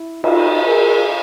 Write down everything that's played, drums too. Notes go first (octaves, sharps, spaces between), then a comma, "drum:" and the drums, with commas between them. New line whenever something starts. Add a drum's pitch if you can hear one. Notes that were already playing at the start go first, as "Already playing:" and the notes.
Already playing: E4
D#4 F4, drum: cymbal
G#4 A#4